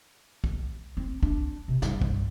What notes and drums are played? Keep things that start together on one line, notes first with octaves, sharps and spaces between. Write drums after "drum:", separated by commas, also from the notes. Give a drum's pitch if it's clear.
drum: kick B1
C4
D4, drum: kick B1
C3
G2, drum: snare
drum: kick B1